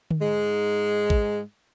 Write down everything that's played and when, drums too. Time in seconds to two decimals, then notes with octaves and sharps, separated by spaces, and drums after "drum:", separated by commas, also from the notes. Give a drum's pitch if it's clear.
0.11 drum: tom D3
0.20 G#2 G#3
1.10 drum: kick A1